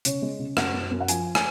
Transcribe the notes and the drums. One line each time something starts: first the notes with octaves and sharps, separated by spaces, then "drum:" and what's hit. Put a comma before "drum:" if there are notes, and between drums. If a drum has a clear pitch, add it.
C#3 C#5, drum: hi-hat
G#3
C#3
F#2 F#5, drum: rim click
F#2
F#2
F#5
F3 G#5, drum: hi-hat
G#5, drum: rim click